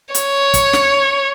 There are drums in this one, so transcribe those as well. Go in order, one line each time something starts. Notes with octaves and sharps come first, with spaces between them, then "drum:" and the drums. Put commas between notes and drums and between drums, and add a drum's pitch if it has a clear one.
C#5, drum: hi-hat
drum: kick, hi-hat
drum: snare